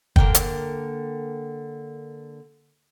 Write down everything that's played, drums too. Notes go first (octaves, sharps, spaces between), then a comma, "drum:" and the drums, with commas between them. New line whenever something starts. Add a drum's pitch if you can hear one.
D3 A#3 A#4 G5, drum: kick
drum: hi-hat